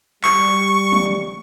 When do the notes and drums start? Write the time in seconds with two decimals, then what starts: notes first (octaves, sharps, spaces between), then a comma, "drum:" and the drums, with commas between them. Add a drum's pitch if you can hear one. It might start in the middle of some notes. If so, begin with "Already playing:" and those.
0.24 G3 C#6, drum: clap
0.92 drum: tom